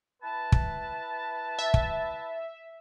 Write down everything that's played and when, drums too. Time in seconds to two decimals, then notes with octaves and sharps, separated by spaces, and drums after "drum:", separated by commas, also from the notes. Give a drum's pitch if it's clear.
0.23 E4 B4 A5
0.52 drum: kick
1.59 E5
1.74 drum: kick